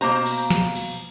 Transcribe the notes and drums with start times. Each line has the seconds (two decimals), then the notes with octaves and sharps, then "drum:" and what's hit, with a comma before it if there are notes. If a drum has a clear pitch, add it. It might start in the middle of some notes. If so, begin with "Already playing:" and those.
0.01 B2 A#3 C5 A#5
0.26 drum: cymbal
0.50 drum: snare
0.75 drum: cymbal